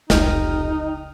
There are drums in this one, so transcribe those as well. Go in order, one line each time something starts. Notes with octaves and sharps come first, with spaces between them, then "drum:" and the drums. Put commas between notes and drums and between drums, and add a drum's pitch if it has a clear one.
F1 C#2 D#4 D#5 G5 F6, drum: snare